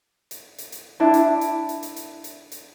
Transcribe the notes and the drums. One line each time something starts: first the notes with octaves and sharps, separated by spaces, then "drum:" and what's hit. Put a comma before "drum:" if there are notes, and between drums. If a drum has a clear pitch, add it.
drum: hi-hat
drum: hi-hat
drum: hi-hat
D4 E4 A5
drum: hi-hat
drum: hi-hat
drum: hi-hat
drum: hi-hat
drum: hi-hat
drum: hi-hat
drum: hi-hat